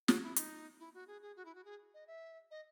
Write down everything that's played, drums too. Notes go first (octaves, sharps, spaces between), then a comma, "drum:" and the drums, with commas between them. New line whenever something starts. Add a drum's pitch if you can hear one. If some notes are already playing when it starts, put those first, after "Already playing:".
F#4, drum: snare
E4
D#4, drum: hi-hat
E4
F#4
G#4
G#4
F#4
E4
F#4
G#4
D#5
E5
D#5